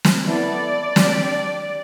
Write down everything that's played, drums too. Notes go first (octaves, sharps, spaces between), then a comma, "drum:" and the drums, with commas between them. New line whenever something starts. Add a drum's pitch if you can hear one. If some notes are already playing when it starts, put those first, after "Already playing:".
drum: snare
B3 E4 A4 D5
D4 G4, drum: snare